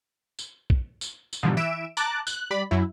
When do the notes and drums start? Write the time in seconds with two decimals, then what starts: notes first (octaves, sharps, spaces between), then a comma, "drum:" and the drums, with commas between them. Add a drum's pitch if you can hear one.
0.39 drum: tambourine
0.70 drum: kick
1.01 drum: tambourine
1.33 drum: tambourine
1.43 G#2 B2 D3 E3 F3 G3
1.57 E3 E5 D7 E7
1.97 A5 A#5 D6 F#6 A6, drum: tambourine
2.27 F#6, drum: tambourine
2.51 G3 D5 B5
2.71 F#2 F#3 E4